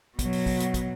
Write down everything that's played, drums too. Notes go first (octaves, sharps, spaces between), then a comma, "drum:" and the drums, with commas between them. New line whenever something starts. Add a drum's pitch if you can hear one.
B2 F#3, drum: kick, hi-hat
drum: open hi-hat
drum: kick, open hi-hat
drum: hi-hat
drum: kick, hi-hat